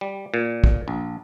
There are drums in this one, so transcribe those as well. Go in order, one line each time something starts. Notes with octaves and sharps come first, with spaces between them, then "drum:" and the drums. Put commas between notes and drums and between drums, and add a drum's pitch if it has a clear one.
G3
A#2
drum: kick
A#1